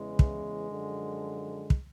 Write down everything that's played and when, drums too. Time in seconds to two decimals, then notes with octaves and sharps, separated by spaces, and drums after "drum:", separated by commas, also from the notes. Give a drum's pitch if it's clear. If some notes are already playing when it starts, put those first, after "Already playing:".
Already playing: E2 C#3 E3 G#3
0.19 drum: kick
0.70 F#2 D3 F3
1.70 drum: kick